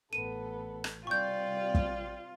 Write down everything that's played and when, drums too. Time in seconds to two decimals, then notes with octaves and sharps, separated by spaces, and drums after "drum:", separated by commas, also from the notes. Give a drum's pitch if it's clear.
0.13 A1 B3 A4 D#7
0.84 drum: rim click
1.07 C3 G3 F4 D5 G5 C#6 G6
1.75 drum: kick